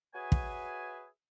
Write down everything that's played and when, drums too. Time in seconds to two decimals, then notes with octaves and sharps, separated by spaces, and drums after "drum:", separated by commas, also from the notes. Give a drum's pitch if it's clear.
0.15 F#4 G#4 B4 C#5 E5 G#5
0.32 drum: kick